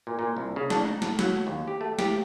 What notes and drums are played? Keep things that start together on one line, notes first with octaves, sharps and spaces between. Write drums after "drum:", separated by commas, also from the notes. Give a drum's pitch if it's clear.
A#2
A#2
C2
C#3
D4, drum: snare
D#4
A2, drum: snare
F#3, drum: snare
D#2
G4
A3
G4, drum: snare